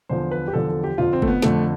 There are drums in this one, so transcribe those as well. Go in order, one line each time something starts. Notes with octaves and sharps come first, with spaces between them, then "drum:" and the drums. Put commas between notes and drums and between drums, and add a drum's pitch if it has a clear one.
E2 D3 F3 C5
B4
G4
E2 D3 F3 A4
A4
G4
F2 D3 F3 F4
C4
A3, drum: kick
B3
F2 D3 F3 A3, drum: snare